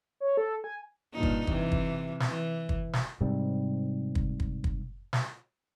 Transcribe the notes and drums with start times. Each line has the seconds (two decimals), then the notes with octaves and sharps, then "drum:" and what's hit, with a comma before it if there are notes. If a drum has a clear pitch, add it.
0.20 C#5
0.37 A4
0.64 G#5
1.14 G2 A#2 D#4
1.23 drum: kick
1.47 C3 E3, drum: kick
1.72 drum: kick
2.20 drum: snare
2.30 E3
2.69 drum: kick
2.93 drum: snare
3.21 G#2 C3 G3
4.15 drum: kick
4.40 drum: kick
4.64 drum: kick
5.13 drum: snare